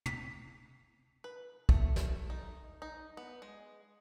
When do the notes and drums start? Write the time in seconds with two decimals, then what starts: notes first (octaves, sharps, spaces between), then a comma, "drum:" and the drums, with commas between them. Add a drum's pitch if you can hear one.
0.06 B6, drum: tom
1.24 B4
1.69 A3, drum: kick
1.96 drum: snare
2.30 D#4
2.82 D#4
3.17 B3
3.42 G#3